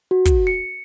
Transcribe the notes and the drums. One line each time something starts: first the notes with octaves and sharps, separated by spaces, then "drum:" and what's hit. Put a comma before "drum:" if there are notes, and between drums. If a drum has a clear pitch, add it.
F#4
drum: kick, hi-hat
C#7